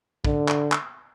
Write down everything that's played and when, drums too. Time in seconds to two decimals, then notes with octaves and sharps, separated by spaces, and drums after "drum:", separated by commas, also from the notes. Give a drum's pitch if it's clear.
0.25 D3, drum: kick
0.48 drum: clap
0.72 drum: clap